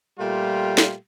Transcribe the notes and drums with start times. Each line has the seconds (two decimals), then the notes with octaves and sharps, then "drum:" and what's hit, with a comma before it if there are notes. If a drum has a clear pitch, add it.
0.19 A#2 G3 A3 F4 G5
0.78 drum: snare